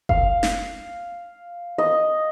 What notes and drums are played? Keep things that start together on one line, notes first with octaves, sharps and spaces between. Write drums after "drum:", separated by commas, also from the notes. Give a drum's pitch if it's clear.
F5, drum: kick F#1
drum: snare
D#5